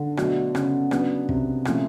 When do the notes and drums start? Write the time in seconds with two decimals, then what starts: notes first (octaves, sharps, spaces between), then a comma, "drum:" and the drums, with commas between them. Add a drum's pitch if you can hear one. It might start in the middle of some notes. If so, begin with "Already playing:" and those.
Already playing: D3
0.17 B2 F#3 A3 D4 F#4, drum: rim click
0.55 C#3, drum: rim click
0.91 F#3 B3 D4, drum: rim click
1.29 C3, drum: kick
1.65 A#2 F3 A3 C#4 F4, drum: rim click